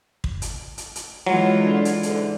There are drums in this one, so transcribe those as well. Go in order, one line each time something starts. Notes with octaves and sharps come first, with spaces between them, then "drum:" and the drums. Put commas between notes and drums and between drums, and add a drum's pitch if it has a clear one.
drum: kick
drum: hi-hat
drum: hi-hat
drum: hi-hat
E3 F#3 G#3 F4
D3
drum: hi-hat
E2 G#2 D3, drum: hi-hat